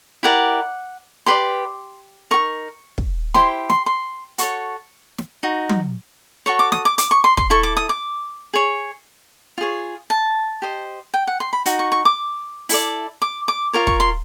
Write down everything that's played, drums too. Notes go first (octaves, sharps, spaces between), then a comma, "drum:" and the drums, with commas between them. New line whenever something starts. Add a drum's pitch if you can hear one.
E4 G4 A#4 D5 F#5
G4 B4 D5 C6
D#4 F#4 A#4 C#6
drum: kick
E4 G4 C5 C6, drum: snare
C6, drum: snare
C6
F#4 A4 C#5 C#6, drum: hi-hat
drum: snare
D#4 F#4
drum: tom F#3
F#4 A4 C#5 C#6
D6
D#6, drum: snare
D6
D6, drum: hi-hat
C#6
C6
C6, drum: kick
E4 A4 C#6
D6
D#6
D6
G#4 C#5
F4 G#4 C#5
A5
G4 C5 D#5
G5
F#5
C6
B5
D#4 F#4, drum: hi-hat
C#6
C#6
D6
E4 A4 D5, drum: open hi-hat
D6
D6
F4 A#4 C#5
C#6, drum: kick
C6